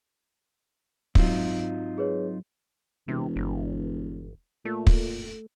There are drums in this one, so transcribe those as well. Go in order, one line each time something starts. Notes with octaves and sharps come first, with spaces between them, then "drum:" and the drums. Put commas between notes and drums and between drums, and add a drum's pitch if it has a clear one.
G#2 F#3 C4 D#4 F4, drum: kick
G#4 B4 C#5
E1 C3
G1
A#2 A3
drum: kick